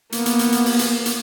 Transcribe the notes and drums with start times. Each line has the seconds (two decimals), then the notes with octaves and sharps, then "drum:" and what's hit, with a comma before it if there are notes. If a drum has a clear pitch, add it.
0.12 A#3 B3, drum: hi-hat
0.26 drum: hi-hat
0.39 drum: hi-hat
0.52 drum: hi-hat
0.66 drum: open hi-hat
0.79 drum: hi-hat
1.06 drum: hi-hat